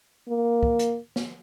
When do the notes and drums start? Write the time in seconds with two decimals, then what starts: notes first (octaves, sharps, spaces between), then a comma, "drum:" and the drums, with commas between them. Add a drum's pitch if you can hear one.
0.29 A#3
0.63 drum: kick
0.79 drum: hi-hat
1.16 drum: snare